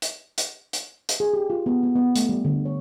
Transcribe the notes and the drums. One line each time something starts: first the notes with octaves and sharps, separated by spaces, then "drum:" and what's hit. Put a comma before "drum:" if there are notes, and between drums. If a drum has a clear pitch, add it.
drum: hi-hat
drum: hi-hat
drum: hi-hat
drum: hi-hat
G#4
G4
F4
B3
B3
B3
A3, drum: hi-hat
G3
D3
C#5